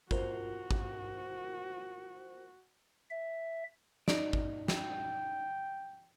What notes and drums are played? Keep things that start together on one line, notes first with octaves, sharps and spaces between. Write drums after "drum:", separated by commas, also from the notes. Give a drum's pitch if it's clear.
F4 F#4 A#4 C5, drum: kick G#1
drum: kick G#1
E5
D#4 D5, drum: snare
drum: kick G#1
G5, drum: snare